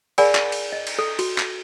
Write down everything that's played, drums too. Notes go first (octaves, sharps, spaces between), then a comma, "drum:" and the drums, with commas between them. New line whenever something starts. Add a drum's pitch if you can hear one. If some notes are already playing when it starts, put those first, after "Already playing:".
G#4 A#4 D5 F#5 G#5 B5, drum: cymbal
drum: clap
drum: cymbal
D#5
drum: cymbal
A4
F#4, drum: cymbal
drum: clap